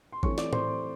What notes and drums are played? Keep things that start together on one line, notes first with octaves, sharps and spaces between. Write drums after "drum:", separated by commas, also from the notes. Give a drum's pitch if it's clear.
C6
E3 A3 C4 C#5 C#6, drum: kick
D5 D6, drum: snare
C5 C6, drum: tom A2